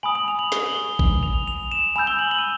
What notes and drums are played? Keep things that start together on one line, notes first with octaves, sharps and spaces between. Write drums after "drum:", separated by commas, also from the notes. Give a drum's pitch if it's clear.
G#5 B5 D#6 F#7
F#7
F7
F#7
G7, drum: snare
F#7
G7
drum: kick A1
F7
F7
E7
G#5 B5 E6 G6 F7
G7
F#7
F#7
D#7